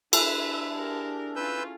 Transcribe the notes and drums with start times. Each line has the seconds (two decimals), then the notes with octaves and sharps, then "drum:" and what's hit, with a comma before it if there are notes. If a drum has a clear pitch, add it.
0.13 D4 E4 G#4 A4 B4 E5, drum: cymbal
0.78 G4 A#4
1.36 C#4 F4 B4 E6 G6